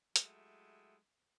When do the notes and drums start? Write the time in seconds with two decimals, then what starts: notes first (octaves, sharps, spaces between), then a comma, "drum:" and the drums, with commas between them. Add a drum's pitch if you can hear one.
0.16 F#3 G#3 A3 E4 G4, drum: hi-hat